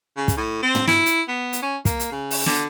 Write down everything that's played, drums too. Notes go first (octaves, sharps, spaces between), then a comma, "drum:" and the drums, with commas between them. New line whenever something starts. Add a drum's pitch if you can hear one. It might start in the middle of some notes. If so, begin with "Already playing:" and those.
C#3
drum: kick, hi-hat
A2
C4
drum: tom
E4, drum: snare
drum: hi-hat
B3
drum: hi-hat
C#4
A#3, drum: kick, hi-hat
drum: hi-hat
C#3
drum: open hi-hat
D3, drum: snare